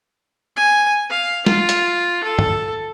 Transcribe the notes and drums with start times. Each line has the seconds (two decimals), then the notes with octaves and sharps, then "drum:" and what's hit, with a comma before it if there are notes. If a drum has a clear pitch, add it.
0.57 G#5
1.10 F5
1.46 F4, drum: snare
1.69 drum: hi-hat
2.24 A4
2.39 drum: tom